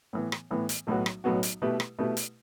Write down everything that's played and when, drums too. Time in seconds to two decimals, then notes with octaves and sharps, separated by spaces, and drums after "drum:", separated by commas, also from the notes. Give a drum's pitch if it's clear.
0.13 A2 E3 B3
0.32 drum: rim click
0.51 A2 E3 B3
0.69 drum: hi-hat
0.87 B1 A2 F#3 B3 F#4
1.06 drum: rim click
1.24 B1 A2 F#3 B3 F#4
1.43 drum: hi-hat
1.62 B2 A3 E4 G4 B4
1.80 drum: rim click
1.99 B2 A3 E4 G4 B4
2.17 drum: hi-hat